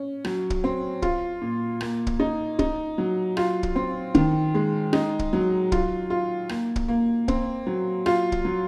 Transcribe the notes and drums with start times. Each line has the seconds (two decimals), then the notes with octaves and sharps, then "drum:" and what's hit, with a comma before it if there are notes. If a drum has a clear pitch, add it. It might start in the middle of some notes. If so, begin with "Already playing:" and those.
Already playing: C#4
0.25 F#3, drum: rim click
0.50 drum: kick
0.64 C4
1.02 F4, drum: kick
1.42 A#2
1.81 A#3, drum: rim click
2.07 drum: kick
2.20 D#4
2.59 D#4, drum: kick
2.98 F#3
3.37 F4, drum: rim click
3.63 drum: kick
3.76 C4
4.15 D#3, drum: kick
4.54 G#3
4.93 D#4, drum: rim click
5.19 drum: kick
5.33 F#3
5.72 F4, drum: kick
6.10 F4
6.49 A#3, drum: rim click
6.76 drum: kick
6.88 A#3
7.28 C4, drum: kick
7.67 F#3
8.06 F4, drum: rim click
8.32 drum: kick
8.45 F#3